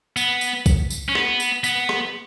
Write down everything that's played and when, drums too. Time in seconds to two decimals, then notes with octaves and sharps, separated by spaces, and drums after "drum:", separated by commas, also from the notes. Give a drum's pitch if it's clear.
0.17 B3, drum: tambourine
0.41 drum: tambourine
0.66 drum: kick B1, tambourine
0.90 drum: tambourine
1.09 C#4
1.15 B3, drum: rim click
1.40 drum: tambourine
1.64 B3, drum: tambourine
1.89 drum: rim click